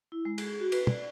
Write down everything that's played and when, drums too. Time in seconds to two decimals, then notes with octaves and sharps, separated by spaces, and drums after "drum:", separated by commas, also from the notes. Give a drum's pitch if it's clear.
0.12 E4
0.25 G#3
0.38 G#4, drum: cymbal
0.60 F#4
0.72 B4, drum: cymbal
0.87 D5, drum: tom